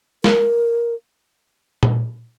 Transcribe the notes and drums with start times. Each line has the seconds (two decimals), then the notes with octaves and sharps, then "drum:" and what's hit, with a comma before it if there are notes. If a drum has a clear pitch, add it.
0.24 A#4, drum: snare
1.83 drum: tom A#2